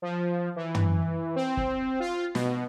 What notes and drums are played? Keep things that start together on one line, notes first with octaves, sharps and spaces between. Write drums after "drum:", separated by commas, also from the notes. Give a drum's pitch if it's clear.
F3
E3
drum: tom
C4
drum: kick
F4
B2, drum: snare